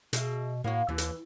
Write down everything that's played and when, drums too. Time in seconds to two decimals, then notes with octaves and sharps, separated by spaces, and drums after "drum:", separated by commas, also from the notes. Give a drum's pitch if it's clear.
0.13 B2 G#4 E5, drum: hi-hat
0.64 A2 A#3 F#4
0.89 D#2 E3
0.98 drum: hi-hat